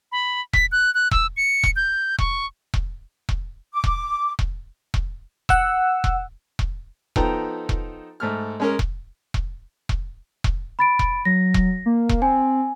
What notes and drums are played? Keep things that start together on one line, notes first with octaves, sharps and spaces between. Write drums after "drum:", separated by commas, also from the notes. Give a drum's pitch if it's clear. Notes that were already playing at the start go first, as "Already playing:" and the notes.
B5
B6, drum: kick E1
F#6
F#6
E6, drum: kick E1
C#7
drum: kick E1
G6
C#6, drum: kick E1
drum: kick E1
drum: kick E1
D6
drum: kick E1
drum: kick E1
drum: kick E1
F#5 E6, drum: kick E1
drum: kick E1
drum: kick E1
F3 B3 D#4 A4 G5 A#5, drum: kick E1
drum: kick E1
G#2 A3 F6
G#3 C#4 A#4
drum: kick E1
drum: kick E1
drum: kick E1
drum: kick E1
B5 A6 D7
drum: kick E1
F#3 A#6
drum: kick E1
A#3
drum: kick E1
C4 G#5